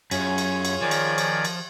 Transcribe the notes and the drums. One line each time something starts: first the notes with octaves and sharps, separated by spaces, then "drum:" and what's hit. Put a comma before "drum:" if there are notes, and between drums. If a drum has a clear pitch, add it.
F#2 F4 G#4 C#5 G#5, drum: cymbal
drum: cymbal
drum: cymbal
D#3 F3 D5 G#5
drum: cymbal
drum: cymbal
drum: cymbal